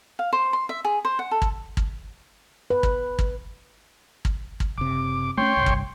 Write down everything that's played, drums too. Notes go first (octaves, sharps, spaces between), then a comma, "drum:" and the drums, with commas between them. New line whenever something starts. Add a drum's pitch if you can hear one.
F5
C5
C6
E5
G#4
C5
F#5
A4
drum: kick
drum: kick
B4
drum: kick
drum: kick
drum: kick
drum: kick
F#1 C3 D6
A3 A#3 C#4 C#5 G5 C6
C2 G2
drum: kick